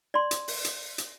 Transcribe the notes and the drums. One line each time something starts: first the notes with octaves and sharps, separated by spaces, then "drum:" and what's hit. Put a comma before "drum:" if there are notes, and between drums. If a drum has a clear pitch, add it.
D5 C6
drum: hi-hat
drum: open hi-hat
drum: hi-hat
drum: hi-hat